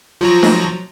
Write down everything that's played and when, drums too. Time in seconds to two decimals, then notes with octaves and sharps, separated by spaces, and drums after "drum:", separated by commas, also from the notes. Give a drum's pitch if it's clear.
0.21 F3 F#3 A#5
0.43 drum: snare